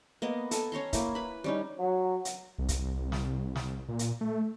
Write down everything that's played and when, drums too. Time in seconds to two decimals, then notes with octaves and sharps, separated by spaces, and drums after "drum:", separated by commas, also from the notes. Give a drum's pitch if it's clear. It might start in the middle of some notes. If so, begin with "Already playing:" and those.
0.22 A#3 B3 D#5
0.51 A4 G#5, drum: hi-hat
0.72 C#4 C#5 A#5 C6
0.93 A#3 E4, drum: kick, hi-hat
1.15 B4 B5
1.44 G3 C#4 D#4
1.78 F#3
2.25 drum: hi-hat
2.58 C2
2.69 drum: kick, hi-hat
3.12 drum: snare
3.56 drum: snare
3.89 A#2
3.99 drum: hi-hat
4.21 A3